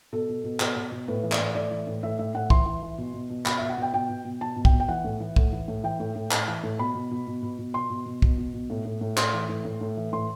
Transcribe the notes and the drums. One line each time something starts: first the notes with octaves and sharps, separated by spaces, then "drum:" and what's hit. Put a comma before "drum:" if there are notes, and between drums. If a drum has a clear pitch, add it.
B2 A4
B2
B2
B2, drum: clap
B2
B2
A2 B4
E3
D5, drum: clap
A2
A2 D5
E3
A2
A2 E5
A2 E5
A2 F#5
E3 C6, drum: kick
E3
E3
B2
B2
B2
B2 B5, drum: clap
E5
B2
F#5
B2 G5
B2 G5
B2
B2
B2 A5
B2
G5, drum: kick
B2
G5
E3 F#5
A2
E3
A2, drum: kick
E3
A2
E3 G5
A2
A2
A2, drum: clap
E3
A2
B2 B5
B2
B2
B2
B2
B2
B2 C6
B2
B2
B2, drum: kick
B2
B2
A2
A2
A2
A2 C6, drum: clap
E3
A2
A2
A2
E3
A2 C6